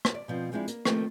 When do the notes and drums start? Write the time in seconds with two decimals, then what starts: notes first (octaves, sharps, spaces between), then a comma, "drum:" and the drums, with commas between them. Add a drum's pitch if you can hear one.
0.05 drum: rim click
0.15 D5
0.28 B2 F3 C4
0.52 F3 G#3 C4 D4 E4
0.68 A#3, drum: hi-hat
0.85 D#3 F3 A3 A#3 C4, drum: rim click